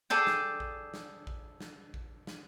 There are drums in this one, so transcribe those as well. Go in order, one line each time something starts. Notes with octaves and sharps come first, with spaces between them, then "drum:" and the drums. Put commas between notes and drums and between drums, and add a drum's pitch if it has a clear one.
G#4 A4 D5 G5
drum: snare
drum: kick A1
drum: snare
drum: kick A1
drum: snare
drum: kick A1
drum: snare